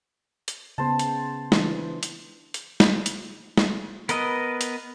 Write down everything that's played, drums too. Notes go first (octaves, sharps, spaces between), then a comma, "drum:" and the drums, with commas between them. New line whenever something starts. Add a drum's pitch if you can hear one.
drum: hi-hat
C#3 B3 C5 A5
drum: hi-hat
E3 D4, drum: snare
drum: hi-hat
drum: hi-hat
drum: snare
drum: hi-hat
drum: snare
B3 A#4 B4 D#5, drum: hi-hat
drum: hi-hat